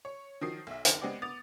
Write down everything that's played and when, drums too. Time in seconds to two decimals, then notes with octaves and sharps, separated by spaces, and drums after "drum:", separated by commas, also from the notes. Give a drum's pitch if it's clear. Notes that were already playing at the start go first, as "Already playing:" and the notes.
0.05 C#5
0.41 D#3 F3 F#3 D#6 C7
0.67 B1 E5
0.85 F#1 D#3, drum: hi-hat
1.01 G#3 B3 C4 G4 D5
1.22 B3 D6 D#6 A6 F7